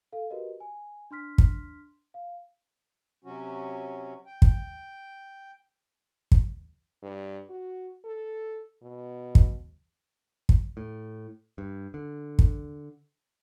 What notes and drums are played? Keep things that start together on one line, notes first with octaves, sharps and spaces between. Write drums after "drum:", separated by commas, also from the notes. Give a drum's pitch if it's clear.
A4 F5
F#4 G4 A#4 B4 D#5
G#5
D4 C6 F6 B6
drum: kick
F5
C3 F#3 C#4 F#4
G5
drum: kick
drum: kick
G2
F#4
A4
B2
drum: kick
drum: kick
A2
G2
D3
drum: kick